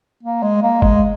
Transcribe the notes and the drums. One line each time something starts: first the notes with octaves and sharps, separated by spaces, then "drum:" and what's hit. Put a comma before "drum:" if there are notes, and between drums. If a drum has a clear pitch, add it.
A#3
G#3
A#3
G#3, drum: kick F#1